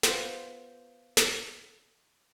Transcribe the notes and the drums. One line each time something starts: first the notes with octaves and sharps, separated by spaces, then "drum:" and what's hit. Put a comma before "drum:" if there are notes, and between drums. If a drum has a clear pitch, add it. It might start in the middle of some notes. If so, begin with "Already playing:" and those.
B3 F4 C5, drum: snare
drum: snare